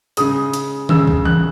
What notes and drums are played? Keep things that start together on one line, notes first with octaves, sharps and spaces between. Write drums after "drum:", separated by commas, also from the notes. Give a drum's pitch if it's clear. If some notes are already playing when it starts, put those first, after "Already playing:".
C#3 G#3 D#6, drum: hi-hat
drum: hi-hat
C#3 G#3 E6, drum: tom D#3
drum: kick B1
F#6, drum: tom E3